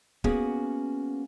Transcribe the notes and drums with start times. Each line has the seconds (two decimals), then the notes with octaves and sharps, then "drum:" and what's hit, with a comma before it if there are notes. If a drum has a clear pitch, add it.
0.24 A#3 B3 C#4 F#4 G#4, drum: kick